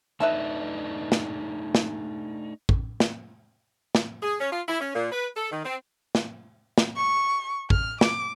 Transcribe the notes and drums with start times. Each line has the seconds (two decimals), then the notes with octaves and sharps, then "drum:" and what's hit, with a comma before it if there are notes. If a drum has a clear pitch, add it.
0.20 A3 D4 D#4 B4 E5 A5
1.12 drum: snare
1.75 drum: snare
2.69 drum: kick
3.00 drum: snare
3.95 drum: snare
4.23 G#4
4.40 C#4
4.52 F4
4.68 E4
4.80 C#4
4.95 A#2
5.12 B4
5.37 A4
5.52 D#3
5.65 C4
6.15 drum: snare
6.78 drum: snare
6.96 C#6
7.70 F6, drum: kick
8.01 D6, drum: snare